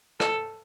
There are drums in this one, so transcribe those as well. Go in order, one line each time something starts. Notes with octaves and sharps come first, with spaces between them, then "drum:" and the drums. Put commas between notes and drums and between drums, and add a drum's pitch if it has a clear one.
A4, drum: rim click